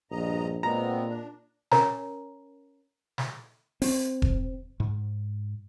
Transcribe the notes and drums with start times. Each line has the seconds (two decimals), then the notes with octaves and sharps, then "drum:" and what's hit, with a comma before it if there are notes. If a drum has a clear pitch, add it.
0.11 A#1 G2 D#5 A#5
0.63 A#2 G#3 B3 C4 A#5
1.08 D4
1.71 C#4 A#4 C#5 G#5 A#5, drum: snare
3.18 drum: snare
3.82 C4, drum: open hi-hat
4.22 drum: kick E1
4.80 G#2